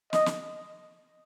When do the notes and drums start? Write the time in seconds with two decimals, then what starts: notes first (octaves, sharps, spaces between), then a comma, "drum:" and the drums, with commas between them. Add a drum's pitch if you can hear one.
0.13 D#5, drum: snare
0.26 drum: snare